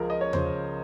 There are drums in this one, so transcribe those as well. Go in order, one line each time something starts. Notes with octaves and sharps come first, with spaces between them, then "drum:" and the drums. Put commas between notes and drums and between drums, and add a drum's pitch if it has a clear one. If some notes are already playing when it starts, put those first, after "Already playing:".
Already playing: C#2 C#3 F3 A#4
D#5
C#5
C#3 F3 C5, drum: tom E2